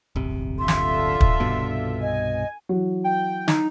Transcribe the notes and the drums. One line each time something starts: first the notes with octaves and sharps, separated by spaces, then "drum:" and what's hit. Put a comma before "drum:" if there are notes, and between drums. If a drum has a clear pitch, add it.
D1 G1 C3
D3 F4 E5 C6
drum: snare
drum: kick
C2 G2 B2
D#5 G#5
E3 F#3
G5
D#4, drum: snare